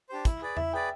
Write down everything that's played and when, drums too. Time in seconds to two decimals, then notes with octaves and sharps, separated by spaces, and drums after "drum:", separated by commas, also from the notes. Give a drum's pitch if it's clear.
0.09 D4 G4 C5
0.25 E4, drum: kick, hi-hat
0.41 G#4 B4 D5
0.57 E4 E5, drum: tom E2
0.73 G#4 B4 D5 G5